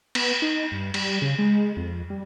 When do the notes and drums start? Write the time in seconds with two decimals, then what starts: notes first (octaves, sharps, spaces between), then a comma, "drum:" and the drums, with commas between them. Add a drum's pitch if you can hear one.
0.15 B3, drum: cymbal
0.42 D#4
0.72 G2
0.94 G3, drum: cymbal
1.22 C#3
1.39 G#3
1.77 F2
2.10 G3